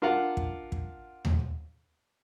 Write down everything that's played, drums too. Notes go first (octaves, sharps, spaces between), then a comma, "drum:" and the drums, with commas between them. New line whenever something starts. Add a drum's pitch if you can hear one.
D4 F4 A#4 F5 F#5
drum: kick
drum: kick
drum: tom D#2